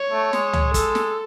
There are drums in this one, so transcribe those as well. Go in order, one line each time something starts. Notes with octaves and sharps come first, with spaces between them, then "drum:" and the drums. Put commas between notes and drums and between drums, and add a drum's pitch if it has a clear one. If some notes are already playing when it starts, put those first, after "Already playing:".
Already playing: C#5
A3
G#3, drum: snare
drum: tom C#2
A4, drum: kick, hi-hat
drum: snare